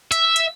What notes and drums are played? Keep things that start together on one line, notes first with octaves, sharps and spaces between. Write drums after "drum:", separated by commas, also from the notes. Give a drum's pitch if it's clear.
E5, drum: hi-hat
drum: hi-hat